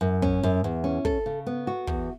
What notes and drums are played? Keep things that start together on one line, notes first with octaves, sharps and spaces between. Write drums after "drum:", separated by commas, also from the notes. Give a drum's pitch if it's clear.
F#2
C#4, drum: kick
F#2
E2
C#4
A4, drum: kick
C#3
B3
F#4
E2, drum: kick